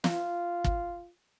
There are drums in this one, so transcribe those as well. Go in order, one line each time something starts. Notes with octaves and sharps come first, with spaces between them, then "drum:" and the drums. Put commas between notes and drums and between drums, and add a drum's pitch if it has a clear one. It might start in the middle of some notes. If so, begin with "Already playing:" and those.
F4, drum: snare
drum: kick